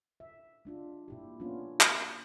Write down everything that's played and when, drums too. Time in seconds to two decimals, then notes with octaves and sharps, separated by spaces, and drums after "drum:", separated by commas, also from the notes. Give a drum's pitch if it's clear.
0.20 E5
0.65 G#3 D4 F4
1.08 A#2 E4 G4
1.40 A#3 B3 C#4 D4 F4
1.81 drum: clap